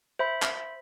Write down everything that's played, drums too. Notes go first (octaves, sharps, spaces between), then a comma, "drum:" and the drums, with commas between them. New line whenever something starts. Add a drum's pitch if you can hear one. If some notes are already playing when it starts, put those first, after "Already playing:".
C5 E5 B5
drum: clap